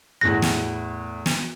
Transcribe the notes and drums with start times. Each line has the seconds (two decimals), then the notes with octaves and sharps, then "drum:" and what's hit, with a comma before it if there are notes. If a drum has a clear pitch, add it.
0.21 E2 A2 F#6 A#6
0.42 drum: snare
1.26 drum: snare